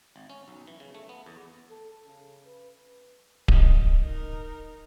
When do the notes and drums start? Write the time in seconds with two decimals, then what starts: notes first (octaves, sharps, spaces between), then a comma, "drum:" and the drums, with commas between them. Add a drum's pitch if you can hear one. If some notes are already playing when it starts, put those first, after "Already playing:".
0.16 G#1
0.30 C#4
0.48 B1
0.67 E3
0.80 C#3
0.95 A3
1.09 B3
1.26 E2
1.70 A4
2.06 C#3
2.45 B4
3.48 D#5, drum: kick D1
4.00 D#4 A#4